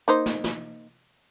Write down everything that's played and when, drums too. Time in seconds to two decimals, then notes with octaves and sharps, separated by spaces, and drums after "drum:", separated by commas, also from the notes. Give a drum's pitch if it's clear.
0.08 A#3 D#4 C5
0.26 drum: snare
0.44 drum: snare